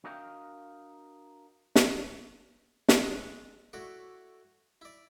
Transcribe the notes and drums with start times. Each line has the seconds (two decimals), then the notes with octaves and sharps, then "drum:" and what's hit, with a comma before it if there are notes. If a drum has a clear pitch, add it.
0.04 D4 F#4 A#4 D#5 F5 G5
1.76 drum: snare
2.89 drum: snare
3.02 G#3 C4 D4
3.73 A3 E4 F#4 C#5 D5
4.81 E4 D5